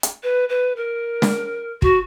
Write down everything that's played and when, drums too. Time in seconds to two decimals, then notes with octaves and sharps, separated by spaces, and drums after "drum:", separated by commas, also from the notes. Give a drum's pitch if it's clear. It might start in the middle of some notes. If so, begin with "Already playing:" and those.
0.03 drum: hi-hat
0.23 B4
0.49 B4
0.76 A#4
1.22 drum: snare
1.82 F#4, drum: kick